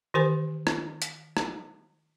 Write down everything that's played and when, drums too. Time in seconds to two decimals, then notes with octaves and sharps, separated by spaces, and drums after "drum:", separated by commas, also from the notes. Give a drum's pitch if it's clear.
0.14 D#3 E3 G4 A#4 C5 G#5
0.67 drum: rim click
1.02 drum: hi-hat
1.37 drum: rim click